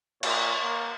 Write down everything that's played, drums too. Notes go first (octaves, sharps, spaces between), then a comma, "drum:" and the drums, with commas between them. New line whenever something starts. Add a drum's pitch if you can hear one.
A#2 C#5, drum: cymbal
A#3